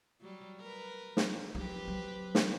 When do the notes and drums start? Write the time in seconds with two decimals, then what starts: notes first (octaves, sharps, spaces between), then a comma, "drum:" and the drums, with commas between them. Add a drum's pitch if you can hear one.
0.21 F#3 G3
0.60 A#4 B4
1.17 drum: snare
1.55 F3 F#3 C4 G4 B4
1.87 F#3
2.35 drum: snare